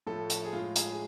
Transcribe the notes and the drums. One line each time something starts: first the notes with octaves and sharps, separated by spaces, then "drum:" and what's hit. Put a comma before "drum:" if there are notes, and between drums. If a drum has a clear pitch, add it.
A2 F3 A3 A4
drum: hi-hat
G#4
A2 G#3 F4
G#4, drum: hi-hat
G#4